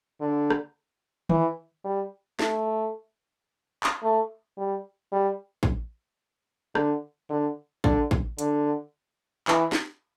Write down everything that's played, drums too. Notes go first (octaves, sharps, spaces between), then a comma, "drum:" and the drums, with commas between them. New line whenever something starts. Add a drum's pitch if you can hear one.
D3
drum: rim click
E3, drum: tom D#3
G3
A3, drum: snare
drum: clap
A3
G3
G3
drum: kick
D3, drum: rim click
D3
D3, drum: kick
drum: kick
D3, drum: hi-hat
E3, drum: clap
drum: snare